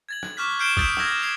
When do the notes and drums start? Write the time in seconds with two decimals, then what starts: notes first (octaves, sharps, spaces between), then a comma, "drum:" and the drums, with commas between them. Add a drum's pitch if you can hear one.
0.09 G#6 A6 F#7
0.23 drum: rim click
0.37 C#6 D6 F6 F#6 B6
0.59 F6 G6 C7 D7 E7 G7
0.77 D#6 E6 G6 A6 B6 D7, drum: kick
0.97 D#6 E6 G#6 A#6, drum: rim click
1.21 G#6 C7 F7